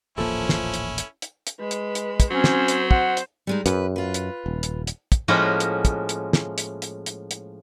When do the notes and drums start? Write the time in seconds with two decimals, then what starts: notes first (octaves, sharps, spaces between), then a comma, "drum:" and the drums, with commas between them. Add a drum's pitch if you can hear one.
0.18 D#1 A1 F3 A#3 C#4 E4 A4
0.49 drum: snare
0.74 drum: hi-hat
0.98 drum: hi-hat
1.22 drum: hi-hat
1.47 drum: hi-hat
1.60 G#3 B4
1.71 drum: hi-hat
1.95 drum: hi-hat
2.20 drum: kick, hi-hat
2.31 F#3 C4 C#4 C5
2.44 drum: snare
2.68 drum: hi-hat
2.91 C5 F#5, drum: kick
3.17 drum: hi-hat
3.47 G3 G#3 D#4
3.66 F#2 B4, drum: hi-hat
3.96 F4 B4
4.14 drum: hi-hat
4.46 D#1
4.63 drum: hi-hat
4.87 drum: hi-hat
5.12 drum: kick, hi-hat
5.28 A2 F3 G#3 A#3 C#4 F#5
5.60 drum: hi-hat
5.85 drum: kick, hi-hat
6.09 drum: hi-hat
6.33 drum: snare
6.58 drum: hi-hat
6.82 drum: hi-hat
7.06 drum: hi-hat
7.31 drum: hi-hat